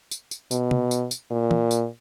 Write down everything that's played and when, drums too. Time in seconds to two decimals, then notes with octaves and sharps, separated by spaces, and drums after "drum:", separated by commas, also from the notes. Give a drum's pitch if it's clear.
0.11 drum: tambourine
0.31 drum: tambourine
0.51 B2, drum: tambourine
0.71 drum: tom C3
0.91 drum: tambourine
1.11 drum: tambourine
1.31 A#2
1.51 drum: tom
1.71 drum: tambourine